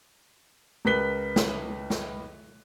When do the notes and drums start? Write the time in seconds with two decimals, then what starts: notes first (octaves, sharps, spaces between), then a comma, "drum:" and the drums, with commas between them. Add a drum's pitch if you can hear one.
0.85 C#2 A#4 B4 F#6 B6 G7
1.36 drum: snare
1.90 drum: snare